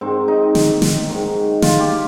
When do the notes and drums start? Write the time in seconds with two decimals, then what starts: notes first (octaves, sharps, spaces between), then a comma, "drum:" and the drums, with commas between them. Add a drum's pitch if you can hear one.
0.01 G#2 D#3 C4
0.28 D#4
0.55 drum: snare
0.82 drum: snare
1.09 G#2 D#3
1.62 F4, drum: snare
1.80 G4